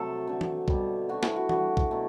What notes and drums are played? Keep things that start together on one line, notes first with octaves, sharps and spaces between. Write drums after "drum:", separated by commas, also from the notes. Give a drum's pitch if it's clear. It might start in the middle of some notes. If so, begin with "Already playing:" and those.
Already playing: C3 F#3 A3 A4
D3 A3
drum: tom E3
B2 G3, drum: kick
D3 A3 F#4
E4, drum: snare
F#4
D3 G3 F#4, drum: tom E3
drum: kick
B2 F#3 A3